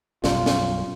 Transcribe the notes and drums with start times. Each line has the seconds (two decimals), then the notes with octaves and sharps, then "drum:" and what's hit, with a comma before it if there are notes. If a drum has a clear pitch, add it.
0.24 B1 F#2 G3 F4, drum: snare
0.46 drum: snare